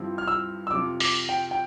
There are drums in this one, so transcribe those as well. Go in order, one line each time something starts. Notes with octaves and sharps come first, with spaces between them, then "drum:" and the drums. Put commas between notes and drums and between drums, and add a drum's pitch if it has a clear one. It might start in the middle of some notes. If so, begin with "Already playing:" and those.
Already playing: G2 F3 C4 E4 G4
F6
E6
E6
F2 C3 F3 D6
D6, drum: open hi-hat
G5
G5